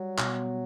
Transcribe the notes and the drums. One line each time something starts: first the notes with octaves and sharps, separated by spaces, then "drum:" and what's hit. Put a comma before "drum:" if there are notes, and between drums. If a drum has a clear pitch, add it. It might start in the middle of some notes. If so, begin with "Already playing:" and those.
Already playing: F#3 G3
B2, drum: clap